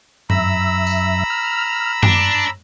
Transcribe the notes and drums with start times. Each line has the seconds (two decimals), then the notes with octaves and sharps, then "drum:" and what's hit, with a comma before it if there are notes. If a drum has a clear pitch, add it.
0.30 F#2 E5 A#5 B5 E6, drum: tom G2
0.87 drum: tambourine
1.30 F6
2.03 D4 D6, drum: tom F#2